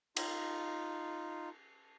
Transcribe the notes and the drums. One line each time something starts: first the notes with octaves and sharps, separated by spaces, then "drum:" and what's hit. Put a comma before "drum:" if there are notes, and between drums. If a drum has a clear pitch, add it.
D#4 F4, drum: cymbal